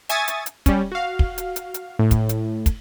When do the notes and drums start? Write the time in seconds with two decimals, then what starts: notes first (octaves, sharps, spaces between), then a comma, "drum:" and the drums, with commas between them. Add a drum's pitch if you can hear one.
0.09 E5 G#5 C#6 D#6 G#6 A6, drum: hi-hat
0.28 drum: hi-hat
0.46 drum: hi-hat
0.66 G3 C#4, drum: kick, hi-hat
0.92 F#4 F5
1.19 drum: kick
1.38 drum: hi-hat
1.56 drum: hi-hat
1.74 drum: hi-hat
1.99 A2
2.11 drum: kick, hi-hat
2.29 drum: hi-hat
2.66 drum: kick, hi-hat